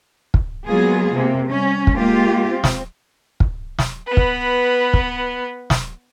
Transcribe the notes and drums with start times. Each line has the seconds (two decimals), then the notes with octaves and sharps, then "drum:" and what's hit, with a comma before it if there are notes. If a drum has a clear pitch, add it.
0.34 drum: kick
0.68 F#3 G#3 A#3 B3 F4 G#4
1.14 C3 A#3
1.49 G3 C#4
1.87 drum: kick
1.98 G#3 A#3 F4 G4
2.51 C4
2.64 drum: snare
3.40 drum: kick
3.79 drum: snare
4.07 B3 B4
4.17 drum: kick
4.94 drum: kick
5.70 drum: snare